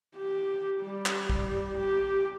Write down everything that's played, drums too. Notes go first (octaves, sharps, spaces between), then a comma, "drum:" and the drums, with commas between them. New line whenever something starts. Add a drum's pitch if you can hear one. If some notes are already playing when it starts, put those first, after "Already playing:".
G4
G3
drum: clap
drum: kick A#1
G4